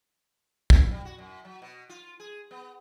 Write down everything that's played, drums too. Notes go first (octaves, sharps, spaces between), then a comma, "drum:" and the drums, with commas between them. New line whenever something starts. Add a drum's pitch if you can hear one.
E4, drum: kick
G3
F#4
F#2
F#3
B2
F4
G#4
B3